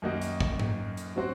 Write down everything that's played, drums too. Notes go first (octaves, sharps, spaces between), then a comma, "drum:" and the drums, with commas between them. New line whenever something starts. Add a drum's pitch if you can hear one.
F#2 D#3 A#3 D#4 F#4
drum: hi-hat
drum: kick
drum: tom G#2
drum: hi-hat
F#3 C4 F#4 C5